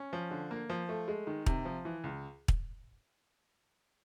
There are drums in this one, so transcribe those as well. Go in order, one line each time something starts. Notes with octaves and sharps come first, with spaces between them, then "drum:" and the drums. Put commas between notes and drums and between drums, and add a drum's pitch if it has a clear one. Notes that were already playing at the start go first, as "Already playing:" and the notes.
Already playing: C#4
F3
D3
A#3
F3
A3
G#3
D#3
C3, drum: kick
F3
E3
C#2
drum: kick